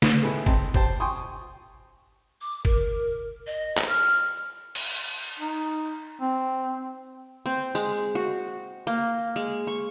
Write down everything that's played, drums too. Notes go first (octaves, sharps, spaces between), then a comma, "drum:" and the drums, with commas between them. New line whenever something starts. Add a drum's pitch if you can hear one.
B4, drum: snare
A2 G#3 A3 B3 E4
C4 D#5 A5, drum: kick
G4 C5 A5, drum: kick
G5 G#5 C6 C#6 D#6
D6
A#4, drum: kick
D#5
drum: clap
F6
drum: cymbal
D#4
C4
C4
G#3, drum: tambourine
F#4
A#3
G#3
C#6